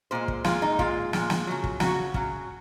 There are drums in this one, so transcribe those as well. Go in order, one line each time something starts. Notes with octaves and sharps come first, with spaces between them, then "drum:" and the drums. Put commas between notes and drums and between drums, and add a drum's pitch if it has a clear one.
A#2 G#3 C5
drum: kick
A#2 G#3 F4, drum: snare
D#4
A#2 G#3 F4, drum: kick
A#2 G#3, drum: snare
drum: snare
C#3 F#3
drum: kick
C#3 F#3 F#4, drum: snare
C#3 F#3, drum: kick